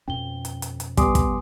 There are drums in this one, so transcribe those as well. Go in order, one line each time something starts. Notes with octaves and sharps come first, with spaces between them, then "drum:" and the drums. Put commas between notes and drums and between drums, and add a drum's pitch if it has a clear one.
F2 B2 C#4 G5 G7
drum: hi-hat
drum: hi-hat
drum: hi-hat
G3 B3 G#5 C6 D6 D#6, drum: kick, hi-hat
drum: kick, hi-hat